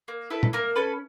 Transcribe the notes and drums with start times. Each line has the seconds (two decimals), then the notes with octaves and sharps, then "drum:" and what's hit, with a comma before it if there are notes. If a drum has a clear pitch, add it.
0.08 A#3
0.30 E4 A4 B4
0.43 drum: tom
0.53 A#3 A#4
0.76 C#4 A4 B4